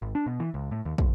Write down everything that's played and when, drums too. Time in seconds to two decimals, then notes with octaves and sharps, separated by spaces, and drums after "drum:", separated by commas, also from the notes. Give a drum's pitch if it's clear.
0.02 G#1
0.15 D4
0.26 B2
0.40 E3
0.54 C#2
0.71 A2
0.85 D#2
0.98 F#1, drum: kick